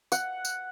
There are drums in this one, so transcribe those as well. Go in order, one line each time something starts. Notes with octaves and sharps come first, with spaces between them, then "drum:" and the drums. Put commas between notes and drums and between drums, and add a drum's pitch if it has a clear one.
F#5, drum: tambourine
drum: tambourine